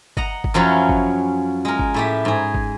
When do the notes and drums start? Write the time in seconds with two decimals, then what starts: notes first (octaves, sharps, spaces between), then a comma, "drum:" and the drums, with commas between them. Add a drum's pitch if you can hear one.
0.17 D#5 F#5 A#5, drum: kick G1
0.44 drum: kick G1
0.54 F#2 F3 F#3 C#4 E4
0.89 drum: kick G1
1.65 G#3 A#4
1.79 drum: kick G1
1.94 A2 A3 G4
2.25 G#2 G#4
2.54 drum: kick G1